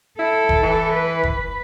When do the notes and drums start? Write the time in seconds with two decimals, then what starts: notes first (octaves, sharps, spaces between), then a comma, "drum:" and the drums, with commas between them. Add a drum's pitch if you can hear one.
0.19 E4 A4
0.49 drum: kick F1
0.63 E3
0.93 B4
1.23 drum: kick F1